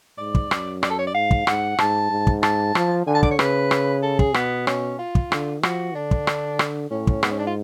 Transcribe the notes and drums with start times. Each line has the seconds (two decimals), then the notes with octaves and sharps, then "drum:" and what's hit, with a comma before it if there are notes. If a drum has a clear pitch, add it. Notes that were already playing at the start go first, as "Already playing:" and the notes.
0.18 G#2 D5
0.35 drum: kick
0.51 F#2, drum: rim click
0.83 D5, drum: rim click
0.90 A4
0.99 C#5
1.07 D5
1.15 G#2 F5
1.31 drum: kick
1.47 G#2 F#5, drum: rim click
1.79 G#2 A5, drum: rim click
2.11 G#2
2.27 drum: kick
2.43 A5, drum: rim click
2.75 F3, drum: rim click
3.07 D3 G#5
3.15 A5
3.23 D5, drum: kick
3.31 C#5
3.39 C#3 B4, drum: rim click
3.71 drum: rim click
4.03 A4
4.19 G#4, drum: kick
4.34 B2 B3, drum: rim click
4.67 C#4, drum: rim click
4.99 F4
5.15 drum: kick
5.32 D3, drum: rim click
5.63 F3 F#4, drum: rim click
5.95 D3 D4
6.11 drum: kick
6.27 drum: rim click
6.59 drum: rim click
6.91 A2 C#4
7.07 drum: kick
7.23 G#2 B3, drum: rim click
7.31 C#4
7.39 D4
7.47 F4